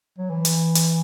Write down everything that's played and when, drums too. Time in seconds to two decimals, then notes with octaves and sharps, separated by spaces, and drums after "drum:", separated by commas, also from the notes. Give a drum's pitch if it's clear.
0.18 F#3
0.29 E3
0.45 drum: hi-hat
0.75 drum: hi-hat